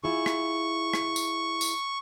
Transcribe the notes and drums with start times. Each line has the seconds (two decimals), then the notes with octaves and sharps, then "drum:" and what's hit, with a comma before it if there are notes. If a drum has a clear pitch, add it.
0.04 E4 F4 G#4 C#6
0.26 drum: rim click
0.93 drum: rim click
1.16 drum: tambourine
1.61 drum: tambourine